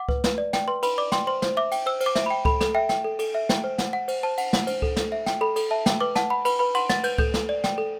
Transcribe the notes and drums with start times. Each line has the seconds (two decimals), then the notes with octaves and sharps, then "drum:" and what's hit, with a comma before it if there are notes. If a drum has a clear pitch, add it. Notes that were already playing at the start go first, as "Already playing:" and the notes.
Already playing: F#5 D6
0.09 B4, drum: kick C#2
0.24 B4, drum: snare
0.38 D5
0.53 G5, drum: snare
0.68 B4 C6
0.83 B4 B5, drum: cymbal
0.98 D5 D6
1.12 G5 C6, drum: snare
1.27 C5 C6
1.42 C5, drum: snare
1.57 E5 D6
1.72 G5, drum: cymbal
1.86 C5 E6
2.01 C5, drum: cymbal
2.06 D6
2.15 E5, drum: snare
2.26 G5 B5
2.45 A4 B5, drum: kick C#2
2.61 A4, drum: snare
2.75 E5 G5
2.89 G5, drum: snare
3.04 A4
3.19 A4, drum: cymbal
3.35 E5
3.49 G5, drum: snare
3.64 C5
3.78 F#5, drum: snare
3.93 F#5
4.08 C5, drum: cymbal
4.23 C5 A5
4.38 F#5, drum: cymbal
4.53 F#5, drum: snare
4.67 C5, drum: cymbal
4.82 A4, drum: kick C#2
4.96 A4, drum: snare
5.12 E5
5.26 G5, drum: snare
5.41 A4 B5
5.56 A4, drum: cymbal
5.71 E5 A5
5.86 G5, drum: snare
6.00 B4 D6
6.16 F#5 A5, drum: snare
6.30 F#5 B5
6.45 B4 B5, drum: cymbal
6.59 B4 B5
6.75 F#5 C6, drum: cymbal
6.89 F#5 A6, drum: snare
7.04 B4 G6, drum: cymbal
7.18 A4 G6, drum: kick C#2
7.34 A4, drum: snare
7.49 D5
7.64 G5, drum: snare
7.78 A4